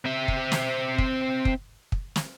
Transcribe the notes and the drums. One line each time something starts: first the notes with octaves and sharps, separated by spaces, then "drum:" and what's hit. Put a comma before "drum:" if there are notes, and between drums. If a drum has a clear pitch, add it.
C4 E5
drum: kick
drum: snare
drum: kick
drum: kick
drum: kick
drum: snare